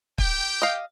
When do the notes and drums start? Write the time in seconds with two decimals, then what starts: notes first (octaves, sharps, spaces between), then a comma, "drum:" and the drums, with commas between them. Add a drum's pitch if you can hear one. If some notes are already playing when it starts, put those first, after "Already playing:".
0.18 G4 G5, drum: kick
0.62 D#5 F5